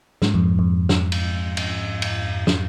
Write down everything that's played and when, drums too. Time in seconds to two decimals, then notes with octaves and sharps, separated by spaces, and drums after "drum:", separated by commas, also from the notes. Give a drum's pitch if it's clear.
0.22 G#2, drum: snare
0.34 F2
0.59 F2
0.89 drum: snare
1.12 drum: cymbal
1.57 drum: cymbal
2.02 drum: cymbal
2.47 drum: snare